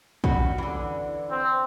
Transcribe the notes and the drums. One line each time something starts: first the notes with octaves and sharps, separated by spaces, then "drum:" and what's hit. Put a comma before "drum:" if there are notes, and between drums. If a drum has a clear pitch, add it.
G3 C#4 F#4, drum: kick
D3 E3
C4